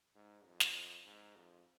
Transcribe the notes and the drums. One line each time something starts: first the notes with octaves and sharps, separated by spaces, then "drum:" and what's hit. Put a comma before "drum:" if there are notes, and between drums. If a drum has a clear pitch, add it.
G#2
F2
drum: snare
G#2
F2